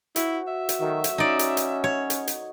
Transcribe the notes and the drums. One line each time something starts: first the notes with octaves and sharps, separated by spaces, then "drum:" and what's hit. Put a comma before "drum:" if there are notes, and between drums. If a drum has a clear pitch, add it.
E4 F#4 C5, drum: hi-hat
E5
drum: hi-hat
D#3 F#3 A3
drum: hi-hat
C#4 D#4 D5
drum: hi-hat
drum: hi-hat
C#5
drum: hi-hat
drum: hi-hat